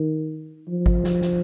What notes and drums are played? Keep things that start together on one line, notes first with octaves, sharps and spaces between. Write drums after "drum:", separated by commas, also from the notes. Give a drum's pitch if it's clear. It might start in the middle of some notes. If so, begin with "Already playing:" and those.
Already playing: D#3
F3
drum: kick
drum: snare
drum: snare